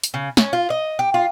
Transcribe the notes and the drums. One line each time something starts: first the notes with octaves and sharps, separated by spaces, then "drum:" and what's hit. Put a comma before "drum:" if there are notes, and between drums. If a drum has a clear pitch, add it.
drum: hi-hat
C#3
C#4, drum: snare
F4
D#5
G4
F4